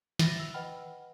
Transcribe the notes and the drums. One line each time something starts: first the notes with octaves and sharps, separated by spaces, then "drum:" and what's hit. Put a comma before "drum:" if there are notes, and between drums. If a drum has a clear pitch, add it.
E5 B5 A6 A#6, drum: snare
E6 F7
B4 D#5 F#5 G5 B5 F6